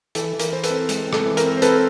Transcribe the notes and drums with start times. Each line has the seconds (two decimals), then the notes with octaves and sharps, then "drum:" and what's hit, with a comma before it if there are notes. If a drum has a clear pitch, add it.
0.15 E3 A4, drum: hi-hat
0.33 E3
0.39 A#4, drum: hi-hat
0.52 E4 C5
0.64 A4 B4, drum: hi-hat
0.70 C4
0.89 G#3, drum: hi-hat
1.07 C4
1.13 A4, drum: rim click
1.26 E3
1.37 A#4, drum: hi-hat
1.43 C4
1.57 C5
1.62 C4 A4 B4, drum: hi-hat